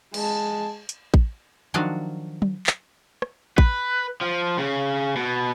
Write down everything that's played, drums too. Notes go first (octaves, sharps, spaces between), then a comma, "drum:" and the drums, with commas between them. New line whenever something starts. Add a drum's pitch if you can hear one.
G#3 A5, drum: cymbal
drum: hi-hat
drum: kick A1
D#3 F3 F#3 D4 F#4 F5
drum: tom F#3
drum: clap
drum: rim click
B4, drum: kick A1
F3
C#3
B2